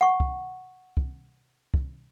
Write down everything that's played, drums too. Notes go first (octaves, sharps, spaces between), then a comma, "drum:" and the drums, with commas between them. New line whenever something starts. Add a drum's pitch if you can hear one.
F#5 C#6
drum: kick
drum: kick
drum: kick